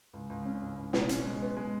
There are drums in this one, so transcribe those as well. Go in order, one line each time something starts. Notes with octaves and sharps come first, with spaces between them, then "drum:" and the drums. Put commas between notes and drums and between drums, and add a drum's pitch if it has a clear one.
C#2
C#2
C#4
C#2
C#2
B2, drum: snare
C#4, drum: hi-hat
G#3
B3
G#3